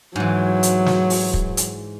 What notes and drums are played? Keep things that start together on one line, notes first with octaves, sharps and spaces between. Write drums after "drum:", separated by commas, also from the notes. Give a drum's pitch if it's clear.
G#2 E3 F#3
drum: hi-hat
drum: snare
drum: open hi-hat
drum: kick
drum: hi-hat